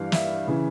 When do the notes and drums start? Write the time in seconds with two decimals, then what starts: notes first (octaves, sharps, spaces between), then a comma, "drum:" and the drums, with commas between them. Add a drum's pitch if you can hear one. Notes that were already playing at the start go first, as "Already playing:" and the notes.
Already playing: G2 E3 G3 F5
0.12 E5, drum: snare
0.47 C#3 E3